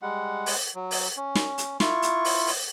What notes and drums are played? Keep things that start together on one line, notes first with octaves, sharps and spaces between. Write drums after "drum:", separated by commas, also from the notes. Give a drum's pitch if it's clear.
G3 G#3 F#5
drum: open hi-hat
F#3
drum: open hi-hat
C#4
drum: snare
drum: hi-hat
E4 F4 C#6, drum: snare
drum: hi-hat
drum: open hi-hat
drum: open hi-hat